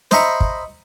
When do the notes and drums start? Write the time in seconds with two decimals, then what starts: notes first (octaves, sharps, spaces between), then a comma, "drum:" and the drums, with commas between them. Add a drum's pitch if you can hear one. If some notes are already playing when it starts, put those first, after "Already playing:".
0.11 C5 D#5 E5 A#5 B5 C#6, drum: snare
0.40 drum: kick